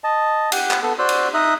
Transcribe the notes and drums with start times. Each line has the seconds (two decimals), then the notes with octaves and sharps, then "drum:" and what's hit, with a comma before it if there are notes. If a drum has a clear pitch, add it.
0.04 D#5 A5
0.52 G4 F#5, drum: cymbal
0.71 drum: clap
0.83 B3 A4
0.99 F#4 C5 D5 C6 E6 F#6
1.09 drum: cymbal
1.34 D#4 D#5 E5 D#6 F#6